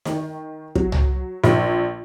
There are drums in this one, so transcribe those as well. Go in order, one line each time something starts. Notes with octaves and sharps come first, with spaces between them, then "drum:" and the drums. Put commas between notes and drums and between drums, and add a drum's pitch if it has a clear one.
D#3, drum: snare D#4
F#3, drum: kick
drum: tom C2
A#1, drum: snare D#4